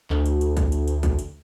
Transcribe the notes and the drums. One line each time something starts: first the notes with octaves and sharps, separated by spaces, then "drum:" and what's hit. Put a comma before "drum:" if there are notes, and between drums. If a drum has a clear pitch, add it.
D2, drum: clap
drum: hi-hat
drum: hi-hat
drum: kick, hi-hat
drum: hi-hat
drum: hi-hat
drum: kick, hi-hat
drum: hi-hat